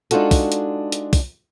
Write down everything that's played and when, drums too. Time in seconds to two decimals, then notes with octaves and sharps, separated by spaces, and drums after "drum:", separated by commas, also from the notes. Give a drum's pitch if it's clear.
0.11 G#3 D4 D#4 F4 F#4 A4, drum: hi-hat
0.31 drum: kick, open hi-hat
0.52 drum: hi-hat
0.92 drum: hi-hat
1.13 drum: kick, open hi-hat